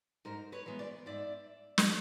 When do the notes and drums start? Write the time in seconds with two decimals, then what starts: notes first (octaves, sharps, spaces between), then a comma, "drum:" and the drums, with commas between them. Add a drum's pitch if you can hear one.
0.25 G#2 A#4 C5
0.52 B4 C#5
0.66 E3 G#3 B3
0.79 C5 D5
1.06 G#2 D5 E5
1.78 drum: snare